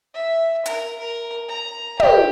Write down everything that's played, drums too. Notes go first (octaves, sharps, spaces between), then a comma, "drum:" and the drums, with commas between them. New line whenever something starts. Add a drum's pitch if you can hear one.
E5
A#4, drum: hi-hat
A#4
A#5
G4, drum: tom